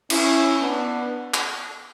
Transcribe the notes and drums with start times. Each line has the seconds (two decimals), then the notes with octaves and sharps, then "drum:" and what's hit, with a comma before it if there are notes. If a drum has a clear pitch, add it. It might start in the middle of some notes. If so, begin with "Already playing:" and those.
0.10 C#4 E4, drum: cymbal
0.60 B3 D4
1.34 drum: clap